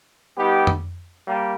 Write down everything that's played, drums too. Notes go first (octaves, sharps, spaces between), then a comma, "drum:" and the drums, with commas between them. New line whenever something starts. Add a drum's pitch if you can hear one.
G3 B3 D#4 G4
drum: tom F2
G3 A#3